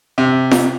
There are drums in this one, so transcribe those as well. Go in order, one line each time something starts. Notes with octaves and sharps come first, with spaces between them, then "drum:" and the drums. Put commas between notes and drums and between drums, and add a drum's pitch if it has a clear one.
C3
drum: snare